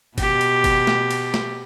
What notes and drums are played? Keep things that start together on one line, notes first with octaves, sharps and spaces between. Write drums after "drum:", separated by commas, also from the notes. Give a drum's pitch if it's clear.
B2 G4, drum: kick, cymbal
drum: cymbal
drum: kick, cymbal
drum: snare A3
drum: cymbal
drum: snare A3